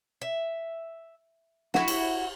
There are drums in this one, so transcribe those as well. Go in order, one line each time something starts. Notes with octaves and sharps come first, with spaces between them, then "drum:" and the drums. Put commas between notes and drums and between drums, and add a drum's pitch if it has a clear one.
E5
E4 F#4, drum: snare
drum: cymbal